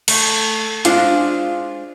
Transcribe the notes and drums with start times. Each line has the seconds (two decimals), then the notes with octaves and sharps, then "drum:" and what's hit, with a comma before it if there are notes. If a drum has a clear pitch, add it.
0.08 A3, drum: cymbal
0.85 G#3 D4 F4 C5, drum: hi-hat